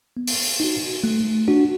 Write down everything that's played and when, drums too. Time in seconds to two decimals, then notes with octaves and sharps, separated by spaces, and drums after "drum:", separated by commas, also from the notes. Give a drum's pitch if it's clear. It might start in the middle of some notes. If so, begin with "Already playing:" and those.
0.17 B3
0.27 drum: open hi-hat
0.60 D#4 F#4
1.04 A3
1.48 D4 F#4